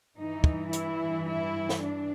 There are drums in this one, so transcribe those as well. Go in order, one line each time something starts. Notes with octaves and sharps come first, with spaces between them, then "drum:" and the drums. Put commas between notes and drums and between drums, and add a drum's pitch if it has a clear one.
G2 E3 D#4
drum: kick
E4, drum: hi-hat
E4
drum: snare
D4